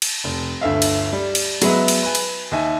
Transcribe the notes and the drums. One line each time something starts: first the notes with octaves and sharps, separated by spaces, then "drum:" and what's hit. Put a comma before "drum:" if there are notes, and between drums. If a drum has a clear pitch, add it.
drum: cymbal
F1
G1 D2 A3 E5 F5
drum: cymbal
G3
drum: cymbal
F#3 G#3 B3 B4 E5, drum: cymbal
drum: cymbal
B4 G#5
drum: cymbal
D#2 D#4 E5 G#5